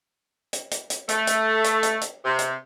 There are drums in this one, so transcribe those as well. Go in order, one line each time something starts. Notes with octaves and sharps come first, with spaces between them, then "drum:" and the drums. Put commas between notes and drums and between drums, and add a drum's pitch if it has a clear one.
drum: hi-hat
drum: hi-hat
drum: hi-hat
A3, drum: hi-hat
drum: hi-hat
drum: hi-hat
drum: hi-hat
drum: hi-hat
C3
drum: hi-hat